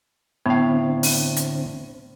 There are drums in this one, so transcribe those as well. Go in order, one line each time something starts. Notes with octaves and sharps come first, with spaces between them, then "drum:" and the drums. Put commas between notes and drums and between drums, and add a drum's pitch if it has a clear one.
A2 D3 B3 C4 F5
drum: open hi-hat
drum: hi-hat